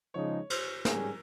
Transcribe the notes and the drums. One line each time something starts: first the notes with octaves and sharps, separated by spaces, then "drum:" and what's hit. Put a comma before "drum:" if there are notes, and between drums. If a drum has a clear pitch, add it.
C#3 F3 G#3 D#4 C#5
C5, drum: cymbal
G#2 G3 C#4 G#4 A#4, drum: snare